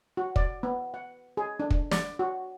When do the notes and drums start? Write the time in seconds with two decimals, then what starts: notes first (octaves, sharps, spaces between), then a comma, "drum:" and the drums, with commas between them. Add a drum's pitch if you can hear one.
0.17 F#4
0.36 D5, drum: kick
0.63 B3
0.94 F#5
1.37 G#4
1.60 D4
1.71 drum: kick
1.91 D5, drum: snare
2.19 F#4